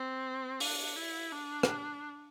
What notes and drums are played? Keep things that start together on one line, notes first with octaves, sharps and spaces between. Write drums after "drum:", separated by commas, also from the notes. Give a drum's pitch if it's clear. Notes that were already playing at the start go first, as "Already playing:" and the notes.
Already playing: C4
D4, drum: open hi-hat
E4
D4
drum: rim click